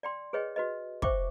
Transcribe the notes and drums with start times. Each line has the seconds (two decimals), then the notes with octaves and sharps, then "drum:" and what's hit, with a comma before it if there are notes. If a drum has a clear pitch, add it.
0.03 D5 G5 C6
0.33 G#4 B4 C#5 D#5 G5
0.56 F#4 B4 D#5
1.02 C5 E5 G5 C#6 D6, drum: kick